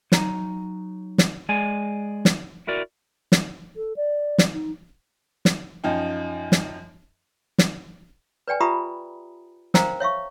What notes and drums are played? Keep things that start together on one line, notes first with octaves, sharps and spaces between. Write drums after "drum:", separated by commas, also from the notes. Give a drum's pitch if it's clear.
F#3 D#4 A#5, drum: snare
drum: snare
G#3 G#4 D5 G#5
drum: snare
E4 F#4 A#4 D5
drum: snare
A4
D5
drum: snare
D#4
drum: snare
F#2 F3 D#4 G5
drum: snare
drum: snare
B4 D5 G5 G#5
F4 G4 E5 A#5 B5 D#6
A#4 C5 F5 G5 A#5, drum: snare
C#5 E5 F5 C#6